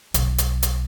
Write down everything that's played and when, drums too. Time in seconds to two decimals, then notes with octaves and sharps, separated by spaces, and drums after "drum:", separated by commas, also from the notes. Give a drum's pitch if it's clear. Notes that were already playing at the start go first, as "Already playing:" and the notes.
0.14 B1, drum: hi-hat
0.38 drum: hi-hat
0.63 drum: hi-hat